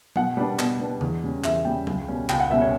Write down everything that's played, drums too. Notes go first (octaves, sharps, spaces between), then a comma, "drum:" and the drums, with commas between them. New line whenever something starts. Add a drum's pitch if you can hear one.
B2 F#5, drum: tom
G3 B3 D4
B2, drum: clap
G3 B3 D4
E2, drum: tom
C#3 G3 C#4
E2 E5, drum: clap
C#3 G3 C#4 G5
C#2, drum: tom
B2 G3 C#4
C#2 G5, drum: clap
F#5
B2 G3 C#4 E5
C#5